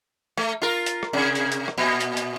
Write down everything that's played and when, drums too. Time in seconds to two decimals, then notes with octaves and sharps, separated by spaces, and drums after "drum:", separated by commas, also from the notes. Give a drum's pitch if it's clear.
0.38 A3, drum: rim click
0.62 F4 A#4
0.86 drum: hi-hat
1.03 drum: rim click
1.13 C3
1.35 drum: hi-hat
1.52 drum: hi-hat
1.68 drum: rim click
1.78 A#2
2.01 drum: hi-hat
2.17 drum: hi-hat